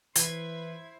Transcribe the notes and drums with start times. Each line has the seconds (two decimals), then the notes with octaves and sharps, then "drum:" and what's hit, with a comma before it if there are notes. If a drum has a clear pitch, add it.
0.15 E3 E4 B4 C5 G#6, drum: hi-hat